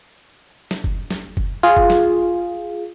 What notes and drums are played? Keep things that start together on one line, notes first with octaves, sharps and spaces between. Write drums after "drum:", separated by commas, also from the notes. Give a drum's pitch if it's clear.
drum: snare
drum: kick F#1
drum: snare
drum: kick F#1
F4 G#4
drum: kick F#1
drum: snare